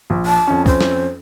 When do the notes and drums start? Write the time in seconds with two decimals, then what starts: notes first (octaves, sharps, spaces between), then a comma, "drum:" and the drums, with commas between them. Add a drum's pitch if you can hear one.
0.10 A#1
0.26 A5
0.47 F2 C#4
0.66 C5, drum: kick
0.81 drum: snare